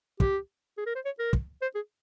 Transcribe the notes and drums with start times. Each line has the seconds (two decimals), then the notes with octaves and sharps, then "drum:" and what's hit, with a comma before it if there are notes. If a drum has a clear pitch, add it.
0.20 G4, drum: kick
0.77 G#4
0.86 A#4
0.95 C5
1.05 C#5
1.19 A#4
1.33 drum: kick
1.62 C5
1.75 G#4